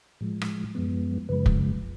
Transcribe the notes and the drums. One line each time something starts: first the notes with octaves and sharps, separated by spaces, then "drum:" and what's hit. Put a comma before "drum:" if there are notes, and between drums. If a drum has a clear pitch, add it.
A2 F3 G#3
drum: rim click
F#2 F3 G#3 B3
F#2 C#3 F3 G#3 B4
drum: kick